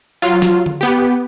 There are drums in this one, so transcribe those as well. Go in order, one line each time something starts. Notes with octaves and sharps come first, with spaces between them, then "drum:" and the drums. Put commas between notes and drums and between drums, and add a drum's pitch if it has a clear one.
F#3 F4
drum: snare
drum: tom D3
B3 G4